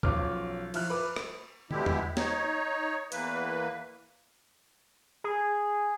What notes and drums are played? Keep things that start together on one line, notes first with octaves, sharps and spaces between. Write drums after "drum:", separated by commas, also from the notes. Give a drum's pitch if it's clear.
B1 F3 C#4 F4 D6 F6, drum: kick C#2
F3 E4 F6 F#6, drum: cymbal
B4 D6
drum: rim click
B2 D3 G#3 E4 G4, drum: tom
drum: tom E2
D#4 C#5, drum: snare
E2 E3 A#3 B4, drum: hi-hat
G#4